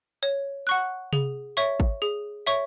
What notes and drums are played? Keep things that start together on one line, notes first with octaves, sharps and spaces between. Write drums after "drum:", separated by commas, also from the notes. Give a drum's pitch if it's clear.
C#5
F#5 C#6 F#6
G#4, drum: tom C3
C#5 E5 C#6
drum: kick
G#4
C#5 E5 C#6